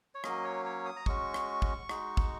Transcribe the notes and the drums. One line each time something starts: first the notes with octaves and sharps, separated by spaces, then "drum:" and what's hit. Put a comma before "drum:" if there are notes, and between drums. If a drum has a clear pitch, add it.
C#5
F#3 A#3 C#4 D#5, drum: rim click
C#5
C#5
D#6
A#5
G#3 C#4 F#4 C#6, drum: kick
drum: rim click
drum: kick
G#3 D#4 F#4, drum: rim click
drum: kick